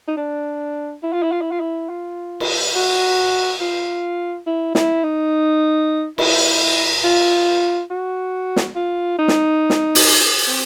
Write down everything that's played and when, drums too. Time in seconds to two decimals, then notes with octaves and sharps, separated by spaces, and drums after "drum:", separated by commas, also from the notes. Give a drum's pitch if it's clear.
0.08 D#4
0.17 D4
1.03 E4
1.13 F4
1.22 E4
1.32 F4
1.41 E4
1.51 F4
1.60 E4
1.89 F4
2.40 drum: cymbal
2.75 F#4
3.61 F4
4.46 E4
4.75 E4, drum: snare
5.03 D#4
6.18 E4, drum: cymbal
7.04 F4
7.90 F#4
8.56 drum: snare
8.75 F4
9.18 D#4
9.28 drum: snare
9.70 drum: snare
9.95 drum: open hi-hat
10.47 C4